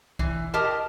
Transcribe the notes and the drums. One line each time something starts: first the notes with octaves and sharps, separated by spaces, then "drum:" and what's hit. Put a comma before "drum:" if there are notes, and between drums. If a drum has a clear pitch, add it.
E3, drum: kick
G4 A#4 D#5 A5